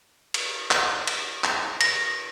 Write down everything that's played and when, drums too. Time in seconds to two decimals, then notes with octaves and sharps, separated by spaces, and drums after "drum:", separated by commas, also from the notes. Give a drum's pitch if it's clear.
0.34 drum: cymbal
0.71 drum: clap
1.07 drum: cymbal
1.44 drum: clap
1.81 A#6, drum: cymbal